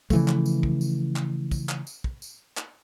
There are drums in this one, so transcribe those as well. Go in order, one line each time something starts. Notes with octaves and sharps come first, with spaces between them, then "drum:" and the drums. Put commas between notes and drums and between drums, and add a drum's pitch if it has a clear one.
C#3 E3 F3 A3, drum: kick, tambourine
drum: clap
drum: tambourine
drum: kick
drum: tambourine
drum: clap
drum: kick, tambourine
drum: clap
drum: tambourine
drum: kick
drum: tambourine
drum: clap